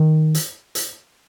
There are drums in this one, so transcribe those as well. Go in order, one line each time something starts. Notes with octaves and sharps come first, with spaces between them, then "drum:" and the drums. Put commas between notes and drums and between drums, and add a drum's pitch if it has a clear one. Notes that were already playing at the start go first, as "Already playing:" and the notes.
Already playing: D#3
drum: hi-hat
drum: hi-hat